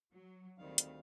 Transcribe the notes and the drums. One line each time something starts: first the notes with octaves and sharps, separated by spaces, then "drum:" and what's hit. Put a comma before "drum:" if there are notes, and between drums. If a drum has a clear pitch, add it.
F#3
D2 D#3 G3 C4 F5
drum: hi-hat